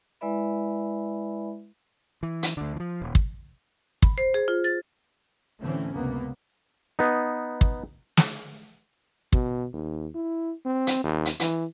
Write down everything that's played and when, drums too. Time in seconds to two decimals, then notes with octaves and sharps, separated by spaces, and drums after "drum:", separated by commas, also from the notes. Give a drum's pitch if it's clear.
0.21 G#3 E4 B4 D5 E5 B5
2.23 E3
2.43 drum: hi-hat
2.57 D2 D3
2.76 E3 F3
3.02 D#1
3.15 drum: kick
4.02 B5, drum: kick
4.18 C5
4.34 G#4
4.48 F4
4.64 A6
5.61 A2 D3 E3 A3 C4 C#4
5.93 C#2 F#2 C3 A#3 B3
6.99 B3 D#4
7.61 drum: kick
8.17 drum: snare
9.33 B2, drum: kick
9.73 D#2
10.14 E4
10.65 C4
10.87 drum: hi-hat
11.03 D#2
11.25 drum: hi-hat
11.40 E3, drum: hi-hat